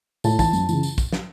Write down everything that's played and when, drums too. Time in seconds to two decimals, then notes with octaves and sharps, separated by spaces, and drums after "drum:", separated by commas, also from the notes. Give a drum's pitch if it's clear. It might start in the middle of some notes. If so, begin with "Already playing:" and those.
0.24 A2 A5, drum: tambourine
0.39 E3 A5, drum: kick, tambourine
0.53 F#2, drum: tambourine
0.69 C#3 E3, drum: tambourine
0.83 drum: tambourine
0.98 drum: kick, tambourine
1.13 drum: snare